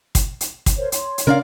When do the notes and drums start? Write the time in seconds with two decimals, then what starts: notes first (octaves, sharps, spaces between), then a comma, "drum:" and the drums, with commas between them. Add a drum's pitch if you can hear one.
0.15 drum: kick, hi-hat
0.41 drum: hi-hat
0.66 drum: kick, hi-hat
0.78 A#4 C5 C#5
0.92 C#5 C6, drum: hi-hat
1.18 drum: hi-hat
1.27 C#3 C#4 D4 A#4 D5 F5